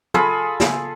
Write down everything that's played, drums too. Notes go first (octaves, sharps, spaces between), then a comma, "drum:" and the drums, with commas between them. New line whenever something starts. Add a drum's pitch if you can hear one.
F4 G#4 A4 B5, drum: tom
drum: snare